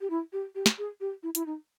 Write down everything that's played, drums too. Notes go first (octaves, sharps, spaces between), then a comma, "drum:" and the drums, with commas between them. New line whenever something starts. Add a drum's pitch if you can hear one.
G4
E4
G4
G4
drum: snare
G#4
G4
E4
E4, drum: hi-hat
D#4